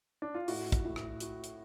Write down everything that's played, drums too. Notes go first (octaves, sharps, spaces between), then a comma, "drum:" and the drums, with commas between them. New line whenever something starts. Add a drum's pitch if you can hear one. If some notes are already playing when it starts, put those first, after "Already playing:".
D4
F4
A2 F#4, drum: open hi-hat
drum: kick, hi-hat
A2
drum: rim click
F#4, drum: hi-hat
drum: hi-hat